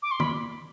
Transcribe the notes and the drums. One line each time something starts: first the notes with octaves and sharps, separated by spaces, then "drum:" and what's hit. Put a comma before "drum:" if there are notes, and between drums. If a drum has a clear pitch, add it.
D6
C6
B5, drum: tom